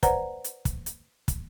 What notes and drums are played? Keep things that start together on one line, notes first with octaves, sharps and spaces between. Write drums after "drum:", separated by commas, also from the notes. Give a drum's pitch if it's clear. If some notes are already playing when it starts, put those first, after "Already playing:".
B4 C5 D5 F#5 A#5, drum: kick, hi-hat
drum: hi-hat
drum: kick, hi-hat
drum: hi-hat
drum: kick, hi-hat